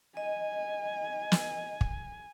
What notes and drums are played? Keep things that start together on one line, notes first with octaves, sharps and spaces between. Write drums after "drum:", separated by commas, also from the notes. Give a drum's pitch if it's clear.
D#5 G#5
drum: snare
drum: kick